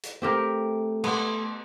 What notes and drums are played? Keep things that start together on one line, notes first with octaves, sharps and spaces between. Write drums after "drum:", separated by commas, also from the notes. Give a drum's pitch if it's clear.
drum: hi-hat
A3 C4 G4 A#4
B3, drum: cymbal